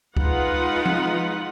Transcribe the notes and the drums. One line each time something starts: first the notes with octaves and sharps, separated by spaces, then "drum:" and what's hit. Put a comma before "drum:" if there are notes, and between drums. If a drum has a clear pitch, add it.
G#3 D#4 F4 B4 F#5, drum: kick C#2
drum: tom F3